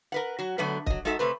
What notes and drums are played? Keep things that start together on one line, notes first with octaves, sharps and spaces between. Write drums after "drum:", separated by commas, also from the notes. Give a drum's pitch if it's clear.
A#4 B4 F#5
F#3 F#4
D3 F#3 A3 B3 B4
F#3 D#5, drum: kick
G#3 D#4 F#4 A4 E5
C3 A3 B4 C5